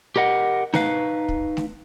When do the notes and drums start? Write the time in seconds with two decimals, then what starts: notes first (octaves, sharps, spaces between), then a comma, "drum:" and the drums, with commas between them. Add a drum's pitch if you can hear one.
0.16 G4 A#4 D#5 F#5
0.74 D#4 B4 F5, drum: snare A3
1.29 drum: kick
1.57 drum: snare A3